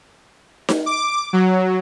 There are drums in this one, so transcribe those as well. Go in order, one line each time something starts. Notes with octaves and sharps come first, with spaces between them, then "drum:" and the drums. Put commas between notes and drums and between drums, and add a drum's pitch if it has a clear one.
drum: snare D#4
D6
F#3